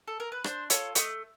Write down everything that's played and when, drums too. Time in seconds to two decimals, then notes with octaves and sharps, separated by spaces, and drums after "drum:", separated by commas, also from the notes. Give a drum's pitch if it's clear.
0.08 A4
0.20 A#4
0.32 B4
0.44 D4 C5, drum: rim click
0.70 F4 A4 C#5, drum: hi-hat
0.95 A3 D#5, drum: hi-hat